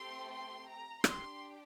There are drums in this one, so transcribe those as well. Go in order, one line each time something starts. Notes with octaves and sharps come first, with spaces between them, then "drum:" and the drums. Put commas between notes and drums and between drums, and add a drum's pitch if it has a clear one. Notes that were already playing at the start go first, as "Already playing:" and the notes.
Already playing: A3 C4 G4 C6
C6
A#5
D4 G4 C6, drum: rim click